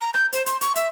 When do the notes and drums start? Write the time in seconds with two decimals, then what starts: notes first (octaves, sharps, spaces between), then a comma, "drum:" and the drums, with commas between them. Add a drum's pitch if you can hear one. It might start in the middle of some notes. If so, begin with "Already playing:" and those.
0.01 A#5
0.14 G6, drum: rim click
0.33 C5, drum: hi-hat
0.46 C6, drum: hi-hat
0.61 C#6, drum: hi-hat
0.75 E5, drum: hi-hat